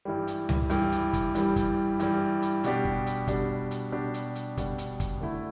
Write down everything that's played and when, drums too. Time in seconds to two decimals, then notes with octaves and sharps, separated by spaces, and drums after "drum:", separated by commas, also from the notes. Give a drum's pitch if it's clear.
0.05 G2 E3 G3
0.27 drum: hi-hat
0.49 drum: tom C#2
0.70 G2 E3 G3, drum: hi-hat
0.92 drum: hi-hat
1.13 drum: kick, hi-hat
1.35 G2 E3 G3, drum: hi-hat
1.56 drum: kick, hi-hat
2.00 G2 E3 G3, drum: hi-hat
2.42 drum: hi-hat
2.64 B2 G3 D4 G4, drum: hi-hat
2.85 drum: kick
3.07 drum: hi-hat
3.27 B2 G3 D4 G4, drum: kick, hi-hat
3.71 drum: hi-hat
3.92 B2 G3 D4 G4
4.14 drum: hi-hat
4.35 drum: hi-hat
4.57 B2 G3 D4 G4, drum: kick, hi-hat
4.78 drum: hi-hat
5.00 drum: kick, hi-hat
5.21 D3 A3 E4